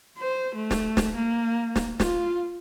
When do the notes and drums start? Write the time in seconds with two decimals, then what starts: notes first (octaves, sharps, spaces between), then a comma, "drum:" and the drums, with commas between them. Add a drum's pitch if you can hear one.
0.18 C5
0.55 A3
0.71 drum: snare
0.97 drum: snare
1.16 A#3
1.76 drum: snare
2.00 F4, drum: snare